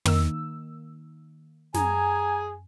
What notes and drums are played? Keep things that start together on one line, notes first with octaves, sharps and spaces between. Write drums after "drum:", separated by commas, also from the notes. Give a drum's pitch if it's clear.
D#3 A#3 E6, drum: tom
F#2 G#4 G#5 A#5, drum: snare